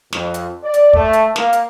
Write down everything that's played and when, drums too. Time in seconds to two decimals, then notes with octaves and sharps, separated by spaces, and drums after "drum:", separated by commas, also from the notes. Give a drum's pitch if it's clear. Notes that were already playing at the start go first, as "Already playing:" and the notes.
0.13 F2, drum: snare
0.34 drum: hi-hat
0.63 D5
0.74 drum: hi-hat
0.93 A3, drum: kick
1.13 drum: hi-hat
1.36 A#3, drum: snare
1.53 drum: hi-hat